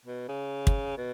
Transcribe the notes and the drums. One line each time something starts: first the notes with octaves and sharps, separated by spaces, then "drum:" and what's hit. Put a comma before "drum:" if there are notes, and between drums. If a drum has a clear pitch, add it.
B2
C#3
drum: kick
B2